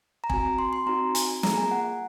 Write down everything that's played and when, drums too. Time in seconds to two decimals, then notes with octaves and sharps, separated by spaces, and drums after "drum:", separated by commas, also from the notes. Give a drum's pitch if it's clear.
0.24 A#5
0.30 C4 F#4 G#5, drum: kick
0.59 C6
0.73 C6
0.86 C4 D#4 F#4 A#5
1.15 G#5, drum: hi-hat
1.43 A#3 F4 G#4 A#5, drum: snare
1.57 G#5
1.71 F#5